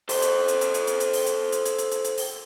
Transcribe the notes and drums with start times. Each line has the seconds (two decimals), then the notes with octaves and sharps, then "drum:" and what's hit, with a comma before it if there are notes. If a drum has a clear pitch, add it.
0.09 A4 C5, drum: open hi-hat
0.22 drum: hi-hat
0.48 drum: hi-hat
0.61 drum: hi-hat
0.74 drum: hi-hat
0.87 drum: hi-hat
1.00 drum: hi-hat
1.13 drum: open hi-hat
1.26 drum: hi-hat
1.52 drum: hi-hat
1.65 drum: hi-hat
1.78 drum: hi-hat
1.91 drum: hi-hat
2.04 drum: hi-hat
2.17 drum: open hi-hat